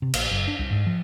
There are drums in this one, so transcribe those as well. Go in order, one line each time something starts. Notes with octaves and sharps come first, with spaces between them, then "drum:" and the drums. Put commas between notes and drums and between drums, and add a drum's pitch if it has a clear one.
C3
A#1, drum: cymbal
F#1
D4
C2
G#2
F3